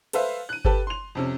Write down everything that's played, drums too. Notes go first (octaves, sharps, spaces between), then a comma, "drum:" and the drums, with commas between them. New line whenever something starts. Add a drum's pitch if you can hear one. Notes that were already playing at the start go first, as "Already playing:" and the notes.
A4 B4 C5 E5 F5, drum: cymbal
F#6 D#7
G4 A4 B4 A5, drum: kick G1
C6 F7
F2 C3 C#4